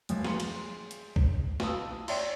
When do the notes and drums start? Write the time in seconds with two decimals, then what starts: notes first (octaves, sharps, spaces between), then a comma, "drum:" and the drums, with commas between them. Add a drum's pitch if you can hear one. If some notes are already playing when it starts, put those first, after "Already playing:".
0.09 A1 D#2 E3 F3, drum: hi-hat
0.25 G#3 C6 C#7, drum: snare
0.40 drum: cymbal
0.91 drum: hi-hat
1.16 drum: kick B1
1.60 E4 F5 A5 D#6 E6, drum: snare
2.08 C#5 D5 E5 G5 C6, drum: cymbal